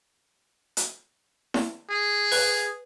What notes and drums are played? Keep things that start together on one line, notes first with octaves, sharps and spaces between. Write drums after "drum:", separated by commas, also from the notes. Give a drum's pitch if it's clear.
drum: hi-hat
drum: snare E4
G#4
B4, drum: open hi-hat